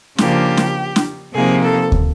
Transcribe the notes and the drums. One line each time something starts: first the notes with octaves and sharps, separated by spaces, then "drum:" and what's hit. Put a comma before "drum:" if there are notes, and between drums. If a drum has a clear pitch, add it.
C#3 F3 A#3 D4 G4, drum: snare
drum: snare
drum: snare
C3 F3 A#3 D#4 G#4
A4
drum: kick